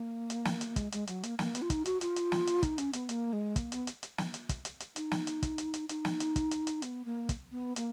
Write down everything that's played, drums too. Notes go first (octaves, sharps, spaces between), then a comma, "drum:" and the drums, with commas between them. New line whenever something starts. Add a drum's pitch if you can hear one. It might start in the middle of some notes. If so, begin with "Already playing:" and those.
Already playing: A#3
drum: hi-hat
drum: snare
drum: hi-hat
G#3, drum: kick, hi-hat
G#3, drum: hi-hat
F#3, drum: hi-hat
A#3, drum: hi-hat
A#3, drum: snare
B3, drum: hi-hat
F4
D#4, drum: kick, hi-hat
F#4, drum: hi-hat
F4, drum: hi-hat
drum: hi-hat
drum: snare
drum: hi-hat
D#4, drum: kick, hi-hat
C#4, drum: hi-hat
B3, drum: hi-hat
A#3, drum: hi-hat
G#3
A#3, drum: kick, hi-hat
B3, drum: hi-hat
drum: hi-hat
drum: hi-hat
drum: snare
drum: hi-hat
drum: kick, hi-hat
drum: hi-hat
drum: hi-hat
D#4, drum: hi-hat
drum: snare
drum: hi-hat
drum: kick, hi-hat
drum: hi-hat
drum: hi-hat
D#4, drum: hi-hat
drum: snare
drum: hi-hat
drum: kick, hi-hat
drum: hi-hat
drum: hi-hat
B3, drum: hi-hat
A#3
drum: kick, hi-hat
B3
A#3, drum: hi-hat